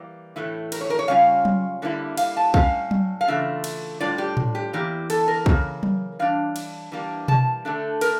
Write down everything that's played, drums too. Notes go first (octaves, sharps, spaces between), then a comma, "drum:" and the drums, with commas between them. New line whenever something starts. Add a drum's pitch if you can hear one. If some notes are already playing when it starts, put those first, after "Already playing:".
Already playing: E3 G3 A#3
A2 E3 A3 E4
A#4, drum: cymbal
C#5
A#4
C#5
C#3 G3 C#4 F4 F5
drum: tom F#3
D3 G3 A#3 C#4 E4
F5, drum: cymbal
A5
A2 G3 C#4 F5, drum: kick
drum: tom F#3
F5
C#3 E3 A3 D4 F4 E5
drum: cymbal
A2 G3 D4 F4 D5
G4
drum: tom A2
G4
E2 E3 A#3 E4 G4
A4, drum: cymbal
A#4
C#3 E3 A#3, drum: kick
drum: tom F#3
E3 G3 D4 F5
drum: cymbal
E3 G3 A#3 D4
A5, drum: tom B2
D3 A3 D4
A#4, drum: cymbal